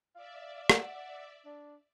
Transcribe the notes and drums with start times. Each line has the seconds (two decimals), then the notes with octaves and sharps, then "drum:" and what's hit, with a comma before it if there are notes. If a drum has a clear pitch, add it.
0.15 D5 E5 F5
0.69 F#5, drum: rim click
1.45 D4